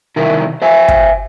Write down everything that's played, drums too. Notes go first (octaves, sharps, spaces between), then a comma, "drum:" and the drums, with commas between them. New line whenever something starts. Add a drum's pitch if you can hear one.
C3 D#3 E4 A#4
C5 E5 G#5
drum: kick